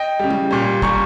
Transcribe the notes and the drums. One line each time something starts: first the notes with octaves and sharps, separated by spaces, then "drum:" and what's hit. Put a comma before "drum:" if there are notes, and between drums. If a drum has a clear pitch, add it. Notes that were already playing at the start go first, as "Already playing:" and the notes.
Already playing: D#5 G5
C#3 G3
drum: tom
A#2 G3
A#2 G3 A#5 C#6, drum: kick